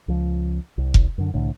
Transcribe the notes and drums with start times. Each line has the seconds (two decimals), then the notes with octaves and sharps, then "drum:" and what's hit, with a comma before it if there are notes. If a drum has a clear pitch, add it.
0.08 C#2 F3
0.78 C2
0.94 drum: kick F1
1.18 F#2 D3
1.34 C2 A2 D3